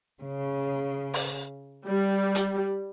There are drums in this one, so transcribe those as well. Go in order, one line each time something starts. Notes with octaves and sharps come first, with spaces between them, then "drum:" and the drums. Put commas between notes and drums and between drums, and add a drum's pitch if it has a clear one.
C#3
drum: open hi-hat
G3
drum: hi-hat